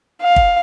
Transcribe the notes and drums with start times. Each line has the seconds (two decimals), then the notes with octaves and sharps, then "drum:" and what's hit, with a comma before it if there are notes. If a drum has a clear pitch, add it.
0.22 F5
0.36 drum: kick